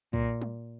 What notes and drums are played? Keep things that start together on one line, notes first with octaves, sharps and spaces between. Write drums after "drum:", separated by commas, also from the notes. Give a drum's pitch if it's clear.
A#2, drum: kick
drum: tom